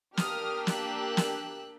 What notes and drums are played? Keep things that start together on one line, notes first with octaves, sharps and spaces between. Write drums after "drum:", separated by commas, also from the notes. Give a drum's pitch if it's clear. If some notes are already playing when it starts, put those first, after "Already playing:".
A#3 D4 G4 D#6 F6, drum: snare
E6 F#6, drum: snare
drum: snare